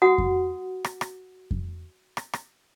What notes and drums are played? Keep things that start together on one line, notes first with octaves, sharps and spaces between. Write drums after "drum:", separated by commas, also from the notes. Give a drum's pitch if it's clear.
F#4 F#5 D#6
drum: kick F2
drum: rim click
drum: rim click
drum: kick F2
drum: rim click
drum: rim click